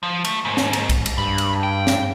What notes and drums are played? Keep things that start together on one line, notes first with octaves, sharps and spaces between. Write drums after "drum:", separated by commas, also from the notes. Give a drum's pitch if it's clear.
F3
A3, drum: cymbal
D#2 G#2
drum: snare
drum: cymbal
drum: kick C2, cymbal
drum: cymbal
G2 B5
drum: cymbal
G5
drum: snare